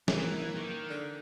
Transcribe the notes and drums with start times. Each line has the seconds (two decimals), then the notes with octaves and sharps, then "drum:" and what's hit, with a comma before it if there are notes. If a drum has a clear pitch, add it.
0.08 E3 A#3, drum: snare
0.55 D#3
0.90 D3